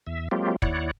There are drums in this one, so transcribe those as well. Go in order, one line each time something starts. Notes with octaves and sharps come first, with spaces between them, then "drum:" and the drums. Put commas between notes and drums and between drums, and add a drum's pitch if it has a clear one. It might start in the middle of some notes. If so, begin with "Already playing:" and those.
E2 E5
F#3 G#3 A#3 C4 F4 G4
D#2 E4 C#5 D5 F#5, drum: kick